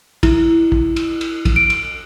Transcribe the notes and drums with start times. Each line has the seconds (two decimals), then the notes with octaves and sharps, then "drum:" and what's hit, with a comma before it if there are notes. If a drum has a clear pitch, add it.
0.23 E4, drum: kick, cymbal
0.72 drum: kick
0.96 drum: cymbal
1.21 drum: cymbal
1.45 drum: kick, cymbal
1.56 D7
1.70 drum: cymbal